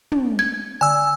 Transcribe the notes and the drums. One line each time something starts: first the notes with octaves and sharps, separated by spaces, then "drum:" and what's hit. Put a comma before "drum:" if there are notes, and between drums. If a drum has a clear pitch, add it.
drum: tom
G#6
D3 G#5 E6